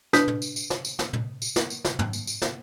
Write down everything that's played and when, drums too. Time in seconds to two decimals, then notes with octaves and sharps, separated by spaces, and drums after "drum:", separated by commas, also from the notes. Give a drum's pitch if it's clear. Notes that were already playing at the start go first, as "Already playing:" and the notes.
0.13 D4 B4 D#6 G6 B6, drum: snare
0.28 drum: tom
0.42 drum: tambourine
0.56 drum: tambourine
0.70 drum: snare
0.85 drum: tambourine
0.99 drum: snare
1.13 drum: tom
1.42 drum: tambourine
1.56 drum: snare
1.70 drum: tambourine
1.85 drum: snare
1.99 drum: tom
2.13 drum: tambourine
2.27 drum: tambourine
2.42 drum: snare